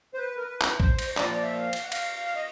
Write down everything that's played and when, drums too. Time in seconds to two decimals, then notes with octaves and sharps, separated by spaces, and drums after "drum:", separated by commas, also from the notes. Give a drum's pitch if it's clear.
0.14 C5
0.18 B4
0.37 A#4
0.43 B4
0.61 drum: clap
0.80 C5, drum: kick A1
0.99 drum: cymbal
1.17 A#2 F3 D5, drum: clap
1.43 E5
1.55 F5
1.73 drum: cymbal
1.83 F#5
1.92 F5, drum: cymbal
2.16 F5
2.35 D#5